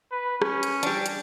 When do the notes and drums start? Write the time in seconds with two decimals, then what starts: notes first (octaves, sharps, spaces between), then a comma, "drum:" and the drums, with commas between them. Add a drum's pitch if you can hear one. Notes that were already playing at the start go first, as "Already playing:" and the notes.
0.12 B4
0.42 C#4, drum: rim click
0.63 drum: hi-hat
0.83 G3 D4, drum: hi-hat
1.06 drum: hi-hat